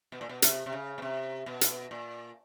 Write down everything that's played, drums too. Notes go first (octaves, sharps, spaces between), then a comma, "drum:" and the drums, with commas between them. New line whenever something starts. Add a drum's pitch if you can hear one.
B2
A#2
B2
C3, drum: hi-hat
C3
C#3
B2
C3
B2
drum: hi-hat
A#2